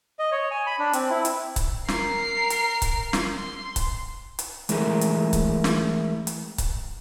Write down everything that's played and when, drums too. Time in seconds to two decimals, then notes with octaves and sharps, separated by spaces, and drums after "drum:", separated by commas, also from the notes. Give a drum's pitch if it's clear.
0.19 D#5
0.32 C#5
0.51 G#5
0.67 B5
0.79 D4
0.93 C4, drum: hi-hat
1.10 E4
1.25 drum: hi-hat
1.56 drum: kick C#1, hi-hat
1.88 A#4 C7, drum: snare
2.50 drum: hi-hat
2.82 drum: kick C#1, hi-hat
3.13 drum: snare
3.33 C6
3.76 drum: kick C#1, hi-hat
4.39 drum: hi-hat
4.69 E3 G#3 A3 E4 G#4 A#4, drum: hi-hat
5.01 drum: hi-hat
5.33 drum: kick C#1, hi-hat
5.64 drum: snare
6.27 drum: hi-hat
6.58 drum: kick C#1, hi-hat